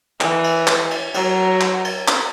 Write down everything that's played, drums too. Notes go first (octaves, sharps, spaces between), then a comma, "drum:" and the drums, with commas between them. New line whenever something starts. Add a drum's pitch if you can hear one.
E3, drum: clap
drum: cymbal
drum: clap
drum: cymbal
F#3, drum: cymbal
drum: clap
drum: cymbal
drum: clap